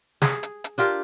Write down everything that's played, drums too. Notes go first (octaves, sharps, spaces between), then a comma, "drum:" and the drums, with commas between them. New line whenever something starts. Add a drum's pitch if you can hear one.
G#4, drum: snare
drum: hi-hat
drum: hi-hat
D4 F4 G4 A#4